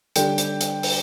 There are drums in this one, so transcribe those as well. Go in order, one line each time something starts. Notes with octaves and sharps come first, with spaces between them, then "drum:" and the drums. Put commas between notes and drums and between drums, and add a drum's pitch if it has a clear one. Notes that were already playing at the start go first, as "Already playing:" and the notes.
D3 G3 D4 G4 G5, drum: hi-hat
drum: hi-hat
drum: hi-hat
drum: open hi-hat